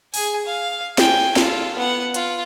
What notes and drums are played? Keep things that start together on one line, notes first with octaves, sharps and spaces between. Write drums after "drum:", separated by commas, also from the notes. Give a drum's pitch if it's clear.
G#4 G#5, drum: open hi-hat
F5
G5 G#5, drum: snare
F4 A4, drum: snare
B3 F#5
F4, drum: hi-hat